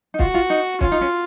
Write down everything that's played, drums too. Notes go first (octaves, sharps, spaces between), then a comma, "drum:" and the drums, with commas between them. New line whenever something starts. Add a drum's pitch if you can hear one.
D#4
F4 F#4, drum: kick
F4
D#4
C#4 F4, drum: kick
D#4
C#4